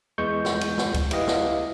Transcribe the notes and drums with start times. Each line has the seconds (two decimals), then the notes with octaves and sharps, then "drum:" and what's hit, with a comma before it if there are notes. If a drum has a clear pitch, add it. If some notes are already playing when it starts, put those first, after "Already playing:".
0.18 E2 E3 G#3 C#6 G6
0.45 drum: snare
0.61 drum: cymbal
0.78 drum: snare
0.94 drum: kick C#2, cymbal
1.11 E4 G4 B4 D#5 F5, drum: cymbal
1.27 drum: snare